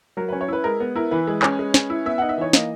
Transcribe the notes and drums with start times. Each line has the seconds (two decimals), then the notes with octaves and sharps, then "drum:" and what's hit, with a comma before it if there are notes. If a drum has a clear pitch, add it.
0.17 F#3 A#4
0.28 C#4 B4
0.41 C#5
0.48 E4 B4
0.64 G#3 A#4
0.80 B3
0.96 E4 A#4
1.11 E3 B4
1.27 G#3
1.43 C#4, drum: clap
1.59 G#3
1.74 C#4, drum: snare
1.90 E4
2.06 B3 E5
2.18 D#4 F#5
2.29 E5
2.38 E3 C#5
2.53 A#3 D#5, drum: snare